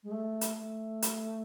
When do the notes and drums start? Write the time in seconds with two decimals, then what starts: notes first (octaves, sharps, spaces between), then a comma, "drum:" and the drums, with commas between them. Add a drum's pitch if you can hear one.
0.03 G#3
0.11 A3
0.41 drum: hi-hat
0.57 A3
1.02 drum: hi-hat